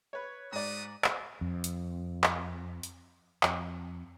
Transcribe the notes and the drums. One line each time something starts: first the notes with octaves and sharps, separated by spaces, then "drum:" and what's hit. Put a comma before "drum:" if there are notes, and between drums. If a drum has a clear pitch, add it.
B4 C#5
G#2 A3 F#4 D5 D#6
drum: clap
F2
drum: hi-hat
drum: clap
drum: hi-hat
F2, drum: clap